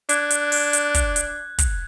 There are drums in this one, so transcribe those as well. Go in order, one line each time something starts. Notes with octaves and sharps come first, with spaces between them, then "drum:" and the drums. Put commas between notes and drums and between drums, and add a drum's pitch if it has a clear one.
D4 F#6 G#6, drum: hi-hat
drum: hi-hat
drum: open hi-hat
drum: hi-hat
drum: kick, hi-hat
drum: hi-hat
drum: kick, hi-hat